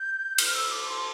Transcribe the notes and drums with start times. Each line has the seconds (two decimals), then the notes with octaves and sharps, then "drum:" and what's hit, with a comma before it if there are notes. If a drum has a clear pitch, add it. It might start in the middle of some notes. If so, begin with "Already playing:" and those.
Already playing: G6
0.38 F6, drum: cymbal
0.55 E6
0.71 D6
0.88 C6